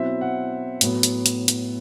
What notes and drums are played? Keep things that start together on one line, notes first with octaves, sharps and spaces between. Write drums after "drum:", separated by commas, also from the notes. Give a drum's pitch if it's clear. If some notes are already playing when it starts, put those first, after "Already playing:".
Already playing: B2 F#3 C4 E4 E5
F#5
A2 F#3 B3, drum: hi-hat
drum: hi-hat
drum: hi-hat
drum: hi-hat